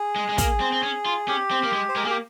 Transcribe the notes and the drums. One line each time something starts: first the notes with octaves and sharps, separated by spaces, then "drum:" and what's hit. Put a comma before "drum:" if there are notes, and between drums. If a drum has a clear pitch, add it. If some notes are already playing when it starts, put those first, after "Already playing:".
Already playing: G#4
G#3
G#3
A#3, drum: kick, hi-hat
C4
C4
C#4
F4
C#4 G4
C4
A#3
G#3
C5
G#3 A#4
A#3 G#4
G4